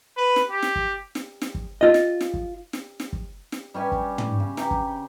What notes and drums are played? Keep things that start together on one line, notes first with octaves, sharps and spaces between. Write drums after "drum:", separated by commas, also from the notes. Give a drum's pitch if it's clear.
B4
drum: snare
G4
drum: snare
drum: kick
drum: snare
drum: snare
drum: kick
F4 D#5
drum: snare
drum: snare
drum: kick
drum: snare
drum: snare
drum: kick
drum: snare
G3 C#4 G4 G#5
drum: kick
drum: tom
C#3
G4 A#5, drum: snare
drum: kick